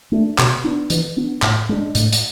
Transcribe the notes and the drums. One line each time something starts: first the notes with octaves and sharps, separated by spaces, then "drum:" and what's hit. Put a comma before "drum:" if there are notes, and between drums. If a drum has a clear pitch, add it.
A3 D4
B2, drum: clap
B3 D4
E3, drum: hi-hat
B3 D4
A2, drum: clap
G#3 D4
A2, drum: hi-hat
drum: hi-hat